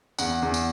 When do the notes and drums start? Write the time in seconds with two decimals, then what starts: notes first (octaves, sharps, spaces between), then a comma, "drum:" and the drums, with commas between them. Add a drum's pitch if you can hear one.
0.19 E2 F#5, drum: tambourine
0.42 E2
0.54 drum: tambourine